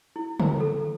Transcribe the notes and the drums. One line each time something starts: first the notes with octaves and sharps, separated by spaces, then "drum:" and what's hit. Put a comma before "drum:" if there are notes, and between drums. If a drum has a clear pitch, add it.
E4
A#5, drum: tom C#3
A4